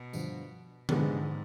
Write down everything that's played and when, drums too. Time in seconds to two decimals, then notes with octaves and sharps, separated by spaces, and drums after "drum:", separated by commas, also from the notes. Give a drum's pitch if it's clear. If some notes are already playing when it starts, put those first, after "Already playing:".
Already playing: B2
0.13 G2 D3 F3, drum: tambourine
0.89 G#2 C3 F3 G#3 B3 D4, drum: tom D3